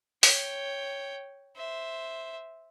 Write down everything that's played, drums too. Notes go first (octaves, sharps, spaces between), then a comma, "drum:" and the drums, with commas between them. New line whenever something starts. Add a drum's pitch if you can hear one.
C#5 G5, drum: open hi-hat
C5 E5